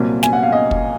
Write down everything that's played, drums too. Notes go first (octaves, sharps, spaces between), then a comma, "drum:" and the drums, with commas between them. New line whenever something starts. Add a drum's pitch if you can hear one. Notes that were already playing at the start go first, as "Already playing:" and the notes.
Already playing: C2 A#2 F#3 A#3
G#5, drum: snare
F#5
F5
D#5
drum: kick